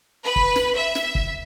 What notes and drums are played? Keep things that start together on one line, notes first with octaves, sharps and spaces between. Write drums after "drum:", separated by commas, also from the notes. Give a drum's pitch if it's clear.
B4
drum: kick
drum: snare
E5
drum: snare
drum: kick